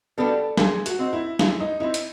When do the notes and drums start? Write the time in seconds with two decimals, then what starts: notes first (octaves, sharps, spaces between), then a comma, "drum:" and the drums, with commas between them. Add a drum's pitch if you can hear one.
0.18 G3 B3 D4 F#4 A4
0.57 G#3 G#4, drum: snare
0.86 F#4, drum: hi-hat
0.99 C4 D#4
1.13 E4
1.39 G#3 E4, drum: snare
1.60 D#4
1.80 C4 D#4 E4
1.94 drum: hi-hat